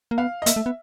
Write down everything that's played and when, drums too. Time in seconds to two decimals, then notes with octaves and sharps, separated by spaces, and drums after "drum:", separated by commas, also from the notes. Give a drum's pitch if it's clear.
0.11 A#3
0.18 B3 F5
0.42 D#5
0.46 A#3 E5, drum: hi-hat
0.56 A3
0.66 B3